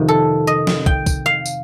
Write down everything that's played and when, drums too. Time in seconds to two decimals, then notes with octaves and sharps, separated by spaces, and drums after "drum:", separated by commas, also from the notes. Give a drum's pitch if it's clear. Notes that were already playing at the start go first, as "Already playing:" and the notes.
Already playing: F2 C3 D#3
0.08 A4
0.47 D#5
0.67 drum: snare
0.86 G5, drum: kick
1.06 drum: kick, tambourine
1.26 F5
1.46 drum: tambourine